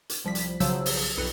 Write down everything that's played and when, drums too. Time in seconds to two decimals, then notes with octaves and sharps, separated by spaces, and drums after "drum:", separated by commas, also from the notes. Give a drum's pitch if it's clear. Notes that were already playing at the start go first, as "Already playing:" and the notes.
0.09 drum: hi-hat
0.25 C2 F3 G3 B6
0.35 drum: hi-hat
0.60 B1 C#3 F3 F#3 C5 E6, drum: hi-hat
0.86 drum: open hi-hat
1.17 B1 F2 B4 C#7